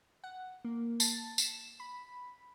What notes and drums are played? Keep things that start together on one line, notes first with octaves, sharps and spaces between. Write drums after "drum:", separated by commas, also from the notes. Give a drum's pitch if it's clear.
F#5
A#3
A5, drum: tambourine
E7, drum: tambourine
B5